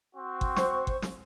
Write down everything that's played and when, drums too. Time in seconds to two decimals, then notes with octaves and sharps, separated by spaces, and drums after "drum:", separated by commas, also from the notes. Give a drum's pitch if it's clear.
0.16 C4 F#4
0.41 drum: kick G1
0.56 C5 C#6, drum: snare
0.87 drum: kick G1
1.02 drum: snare